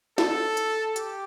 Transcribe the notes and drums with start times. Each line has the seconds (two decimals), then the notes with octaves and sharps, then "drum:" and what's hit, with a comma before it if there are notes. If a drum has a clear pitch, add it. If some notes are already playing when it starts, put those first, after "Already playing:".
0.18 A4, drum: snare
0.57 drum: hi-hat
0.96 G4, drum: hi-hat